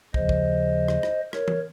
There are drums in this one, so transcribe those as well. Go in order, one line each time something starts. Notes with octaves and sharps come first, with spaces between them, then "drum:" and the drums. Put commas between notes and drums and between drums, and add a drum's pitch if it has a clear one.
D#2 C#3 F3 C5 D#5, drum: kick
drum: kick
drum: rim click
drum: rim click
A#4 C#5, drum: rim click
drum: tom E3